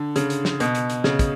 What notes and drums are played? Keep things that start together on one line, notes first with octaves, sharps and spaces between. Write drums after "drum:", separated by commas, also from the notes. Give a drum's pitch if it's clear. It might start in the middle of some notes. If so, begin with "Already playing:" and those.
Already playing: D3
C#3, drum: hi-hat
drum: hi-hat
drum: snare
B2, drum: hi-hat
drum: hi-hat
drum: hi-hat
C#3, drum: snare
drum: kick, hi-hat